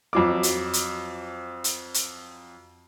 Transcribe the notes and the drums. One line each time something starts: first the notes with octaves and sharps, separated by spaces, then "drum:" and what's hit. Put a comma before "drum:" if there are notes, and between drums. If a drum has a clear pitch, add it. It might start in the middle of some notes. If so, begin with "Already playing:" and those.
F2 F#3 D6
drum: hi-hat
drum: hi-hat
drum: hi-hat
drum: hi-hat